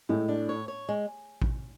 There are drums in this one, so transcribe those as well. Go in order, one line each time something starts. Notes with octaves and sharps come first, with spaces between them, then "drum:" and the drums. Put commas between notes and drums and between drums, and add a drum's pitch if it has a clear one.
A2 G#3 A3
D4
C#5
C#5
G#3
drum: kick A1